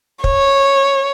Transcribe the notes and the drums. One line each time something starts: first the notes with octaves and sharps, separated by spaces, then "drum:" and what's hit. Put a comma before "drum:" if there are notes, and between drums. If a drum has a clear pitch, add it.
C#5, drum: kick